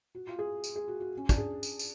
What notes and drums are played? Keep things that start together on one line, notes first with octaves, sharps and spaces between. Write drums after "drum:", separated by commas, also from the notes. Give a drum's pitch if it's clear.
F#4
F4
G#4
drum: tambourine
G#4
F#4
F#4
C#4
D4, drum: kick, tambourine
G#4
drum: tambourine
drum: tambourine